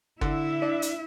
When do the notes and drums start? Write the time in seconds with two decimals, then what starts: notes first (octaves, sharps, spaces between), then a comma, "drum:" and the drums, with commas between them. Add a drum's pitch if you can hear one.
0.21 D3 E4 E5, drum: kick
0.62 D4
0.82 drum: hi-hat